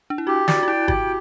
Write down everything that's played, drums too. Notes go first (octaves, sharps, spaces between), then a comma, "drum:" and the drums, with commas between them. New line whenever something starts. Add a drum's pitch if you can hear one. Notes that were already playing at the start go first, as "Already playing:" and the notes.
D4
E4
F#4 G4
F#4 D5, drum: snare
F#4
E4 G5
F#4 G4, drum: kick